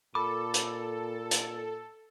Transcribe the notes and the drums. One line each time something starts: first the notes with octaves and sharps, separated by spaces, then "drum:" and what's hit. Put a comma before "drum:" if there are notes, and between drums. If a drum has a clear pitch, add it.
A#2 A4 B5 D6
drum: hi-hat
drum: hi-hat